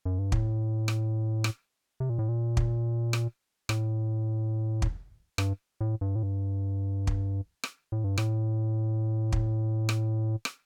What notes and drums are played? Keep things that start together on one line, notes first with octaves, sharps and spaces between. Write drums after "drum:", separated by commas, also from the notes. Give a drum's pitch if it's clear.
F#2
G2
A2, drum: kick
drum: rim click
drum: rim click
C3
A#2
A2
A#2
drum: kick
drum: rim click
A2, drum: rim click
drum: kick
G2, drum: rim click
A2
G2
A2
G2
drum: kick
drum: rim click
A2
G2
A2, drum: rim click
drum: kick
drum: rim click
drum: rim click